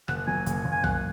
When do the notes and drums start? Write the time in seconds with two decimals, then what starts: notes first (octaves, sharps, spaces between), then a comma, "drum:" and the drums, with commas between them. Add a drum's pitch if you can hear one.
0.08 F#1 F#5, drum: rim click
0.27 F#3 G#5
0.46 F#1, drum: hi-hat
0.65 F#1
0.71 G#5
0.84 F#2 F#5, drum: tom